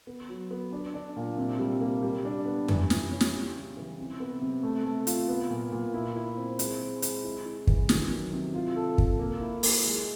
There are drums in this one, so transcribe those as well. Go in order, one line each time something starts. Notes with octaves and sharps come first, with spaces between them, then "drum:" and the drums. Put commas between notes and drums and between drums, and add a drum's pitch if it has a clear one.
B3
F#3
B3
D4
D4
A#2
C3
G3
A#3
G3
D4
B3
E3, drum: tom F2
E4, drum: snare
C#4
drum: snare
G3
C#3
E3
C3
B3
C3
A3
A3
F4, drum: hi-hat
B3
A#2
A#2
E4
E4
C4
G#3, drum: hi-hat
G#3
G#3, drum: hi-hat
E4
E4
E3, drum: kick
D#3, drum: snare
F#3
C3
F4
A4
A4, drum: kick
A#3
E4
A#3, drum: open hi-hat
G#3